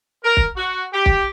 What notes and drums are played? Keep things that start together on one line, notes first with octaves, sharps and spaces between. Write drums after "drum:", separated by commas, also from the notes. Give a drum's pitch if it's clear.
A#4
drum: kick
F#4
G4
drum: kick